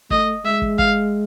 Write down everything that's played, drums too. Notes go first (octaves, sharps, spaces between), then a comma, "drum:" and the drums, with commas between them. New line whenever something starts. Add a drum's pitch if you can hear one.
A3 D#5, drum: kick
G#3 E5
drum: kick
F5, drum: kick